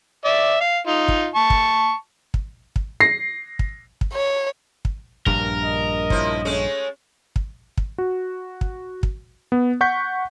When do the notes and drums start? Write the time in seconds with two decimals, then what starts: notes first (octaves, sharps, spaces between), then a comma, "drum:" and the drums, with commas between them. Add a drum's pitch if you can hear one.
0.25 D5 E5
0.61 F5
0.87 D#4 F4
1.08 drum: kick
1.35 A5 C#6
1.50 drum: kick
2.34 drum: kick
2.76 drum: kick
3.00 A#6 C7
3.59 drum: kick
4.01 drum: kick
4.13 C#5
4.85 drum: kick
5.26 A#1 G2 A#4, drum: kick
5.64 D#5
6.10 F3 E4, drum: kick
6.45 G#3 A3 C#4
7.36 drum: kick
7.78 drum: kick
7.98 F#4
8.61 drum: kick
9.03 drum: kick
9.52 B3
9.81 F#5 C#6 G6 B6